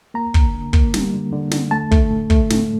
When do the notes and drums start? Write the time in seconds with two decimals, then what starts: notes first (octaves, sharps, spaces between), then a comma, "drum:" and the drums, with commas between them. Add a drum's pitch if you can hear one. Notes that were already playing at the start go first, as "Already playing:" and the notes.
0.14 A#3 A#5
0.34 D3, drum: kick
0.54 D3
0.73 A#3, drum: kick
0.94 G3, drum: snare
1.13 D3
1.32 D3
1.51 D3, drum: snare
1.71 A3 A5
1.91 A3, drum: kick
2.11 A2
2.30 A3, drum: kick
2.50 A2, drum: snare